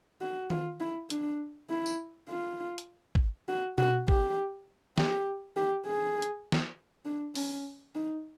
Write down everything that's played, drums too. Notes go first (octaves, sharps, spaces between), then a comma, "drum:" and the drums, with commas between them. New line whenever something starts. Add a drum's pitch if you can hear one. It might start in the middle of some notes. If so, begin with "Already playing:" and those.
F#4
F4, drum: tom D#3
E4
D4, drum: hi-hat
E4
drum: tambourine
F4
drum: hi-hat
drum: kick
F#4
F#4, drum: tom B2
G4, drum: kick
G4, drum: snare
G4
G#4
drum: hi-hat
drum: snare
D4
C#4, drum: open hi-hat
D#4